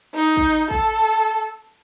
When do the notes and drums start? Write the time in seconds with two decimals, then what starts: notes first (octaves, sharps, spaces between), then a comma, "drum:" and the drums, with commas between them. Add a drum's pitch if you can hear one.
0.15 D#4
0.37 drum: kick A1
0.70 A4, drum: kick A1